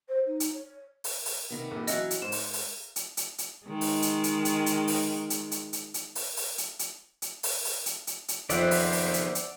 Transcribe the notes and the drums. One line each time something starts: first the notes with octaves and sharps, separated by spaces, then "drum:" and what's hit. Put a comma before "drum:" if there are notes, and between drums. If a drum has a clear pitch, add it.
C5
D#4
drum: hi-hat
C#5
drum: open hi-hat
drum: open hi-hat
C3 D#3 B3
A#1 A#2
E3 F#3 C#4 D#5 E5 F#5, drum: hi-hat
drum: hi-hat
G#2 C5 E7
drum: open hi-hat
drum: open hi-hat
drum: hi-hat
drum: hi-hat
drum: hi-hat
D#3 G#3
drum: open hi-hat
drum: hi-hat
drum: hi-hat
drum: hi-hat
drum: hi-hat
drum: open hi-hat
drum: hi-hat
drum: hi-hat
drum: hi-hat
drum: hi-hat
drum: open hi-hat
drum: open hi-hat
drum: hi-hat
drum: hi-hat
drum: hi-hat
drum: open hi-hat
drum: open hi-hat
drum: hi-hat
drum: hi-hat
drum: hi-hat
F2 D#3 B3 C5 D5 E5 F#5, drum: hi-hat
drum: open hi-hat
drum: open hi-hat
drum: hi-hat
drum: hi-hat